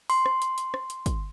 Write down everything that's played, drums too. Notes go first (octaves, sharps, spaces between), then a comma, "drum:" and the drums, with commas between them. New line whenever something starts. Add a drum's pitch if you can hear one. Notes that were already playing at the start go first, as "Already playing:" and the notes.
C6, drum: open hi-hat
drum: rim click
drum: hi-hat
drum: hi-hat
drum: rim click
drum: hi-hat
drum: kick, hi-hat